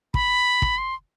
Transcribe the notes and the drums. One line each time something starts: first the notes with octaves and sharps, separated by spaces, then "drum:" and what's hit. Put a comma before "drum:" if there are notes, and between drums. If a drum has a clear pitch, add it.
B5, drum: kick
drum: kick
C6